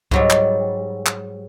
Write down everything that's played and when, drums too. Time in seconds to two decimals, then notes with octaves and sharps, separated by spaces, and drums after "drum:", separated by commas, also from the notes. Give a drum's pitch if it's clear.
0.11 G#2 F#3 G3, drum: kick C#2
0.30 drum: clap
1.06 drum: clap